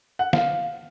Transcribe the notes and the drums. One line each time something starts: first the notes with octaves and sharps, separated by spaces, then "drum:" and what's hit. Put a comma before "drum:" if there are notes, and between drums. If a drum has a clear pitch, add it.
F#5
F5, drum: snare